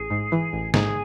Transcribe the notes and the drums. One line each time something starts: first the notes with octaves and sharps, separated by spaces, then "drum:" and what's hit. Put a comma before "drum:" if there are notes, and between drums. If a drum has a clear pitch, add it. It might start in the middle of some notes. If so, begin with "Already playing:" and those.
Already playing: A1 G#4
G#2
E3
A1
G#2 G#4, drum: snare